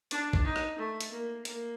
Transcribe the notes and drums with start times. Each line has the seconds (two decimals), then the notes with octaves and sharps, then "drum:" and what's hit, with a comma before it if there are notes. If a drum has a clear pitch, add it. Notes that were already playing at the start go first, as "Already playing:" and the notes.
0.11 D4, drum: hi-hat
0.33 drum: kick A1
0.45 D#4
0.56 drum: rim click
0.78 A3
1.01 drum: hi-hat
1.12 A#3
1.45 A#3, drum: hi-hat